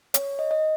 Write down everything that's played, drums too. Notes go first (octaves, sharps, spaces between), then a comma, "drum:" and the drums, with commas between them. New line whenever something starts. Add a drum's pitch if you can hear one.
C#5, drum: hi-hat
D#5
D#5